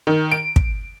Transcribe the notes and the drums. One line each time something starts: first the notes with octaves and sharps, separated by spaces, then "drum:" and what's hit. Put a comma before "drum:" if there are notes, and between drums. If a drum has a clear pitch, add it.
D#3
D7
drum: kick